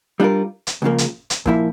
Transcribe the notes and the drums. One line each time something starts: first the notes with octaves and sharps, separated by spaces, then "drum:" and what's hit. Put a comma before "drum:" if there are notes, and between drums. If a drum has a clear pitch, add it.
G3 D4 F4 A#4
drum: hi-hat
C#2 C#3 F3 A#3
drum: hi-hat
drum: hi-hat
A#2 F3 A#3 E4, drum: kick